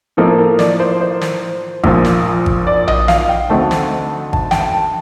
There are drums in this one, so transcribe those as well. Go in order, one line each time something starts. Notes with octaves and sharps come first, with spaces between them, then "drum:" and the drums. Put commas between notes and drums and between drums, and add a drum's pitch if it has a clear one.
A2 F3 A#3 D#4 A4
A#4
D5, drum: snare
C5
C5
drum: snare
A#1 A#2 F3, drum: kick G#1
drum: snare
drum: kick G#1
D5
D#5, drum: tom A#1
F5, drum: snare
G5
D2 D3 A3 C4 D#4 A5
drum: snare
A5, drum: kick G#1
G5, drum: snare
A5